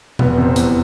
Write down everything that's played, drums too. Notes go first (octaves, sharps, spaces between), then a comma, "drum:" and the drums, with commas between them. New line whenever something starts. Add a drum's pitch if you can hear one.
F1 B3, drum: tom A#2
C3
C4
E2 B3, drum: hi-hat